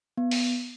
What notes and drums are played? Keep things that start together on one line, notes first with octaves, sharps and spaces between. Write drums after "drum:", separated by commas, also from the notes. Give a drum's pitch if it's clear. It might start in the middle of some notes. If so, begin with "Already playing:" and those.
B3
drum: open hi-hat